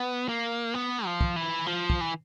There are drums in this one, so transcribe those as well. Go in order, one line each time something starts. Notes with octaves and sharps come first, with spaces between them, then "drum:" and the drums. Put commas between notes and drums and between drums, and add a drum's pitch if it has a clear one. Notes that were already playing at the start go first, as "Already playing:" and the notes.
Already playing: B3
A#3
B3
F3
drum: kick
E3
F3
drum: kick
E3